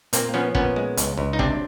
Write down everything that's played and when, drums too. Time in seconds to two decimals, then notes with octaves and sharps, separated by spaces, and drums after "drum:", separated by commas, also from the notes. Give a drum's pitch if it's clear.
0.13 A#2 A#3 C4, drum: hi-hat
0.34 F3 B3 C#4
0.55 A#2 B3 C#4, drum: kick
0.76 G#3
0.97 C#2, drum: hi-hat
1.18 C#2
1.33 D#4
1.39 C3 C4 D4, drum: kick